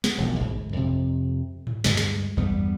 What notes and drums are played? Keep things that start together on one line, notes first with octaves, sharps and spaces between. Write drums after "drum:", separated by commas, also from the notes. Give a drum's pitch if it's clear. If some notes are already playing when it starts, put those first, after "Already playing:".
B3, drum: snare
E1 B1 F3
D2 G#2, drum: kick A1
F2 C3
drum: tom G#2
D2 G2 G#3, drum: snare
drum: snare
E2 G2 G3 B3, drum: kick A1